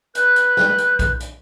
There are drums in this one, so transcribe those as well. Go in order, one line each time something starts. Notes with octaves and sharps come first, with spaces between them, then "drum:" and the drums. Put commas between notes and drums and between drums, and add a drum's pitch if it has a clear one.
B4 F#6 G6, drum: hi-hat
drum: hi-hat
drum: snare
drum: hi-hat
drum: kick B1, hi-hat
drum: hi-hat